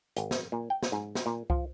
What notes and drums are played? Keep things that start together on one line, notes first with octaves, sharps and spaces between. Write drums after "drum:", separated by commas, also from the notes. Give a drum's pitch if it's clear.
G#1, drum: hi-hat
drum: snare
A#2
G5
drum: snare
G#2
drum: snare
A#2
F3, drum: kick C2